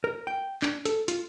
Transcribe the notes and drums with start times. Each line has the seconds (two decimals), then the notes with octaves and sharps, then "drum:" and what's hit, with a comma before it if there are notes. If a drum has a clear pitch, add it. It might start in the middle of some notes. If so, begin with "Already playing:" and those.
0.04 A#4
0.27 G5
0.62 D4, drum: clap
0.85 A4, drum: hi-hat
1.08 F4, drum: hi-hat